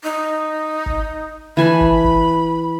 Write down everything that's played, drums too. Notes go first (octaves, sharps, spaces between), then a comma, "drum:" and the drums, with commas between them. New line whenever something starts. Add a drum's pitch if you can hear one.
D#4
drum: kick
E3 G#5 A5 B5
drum: kick
drum: kick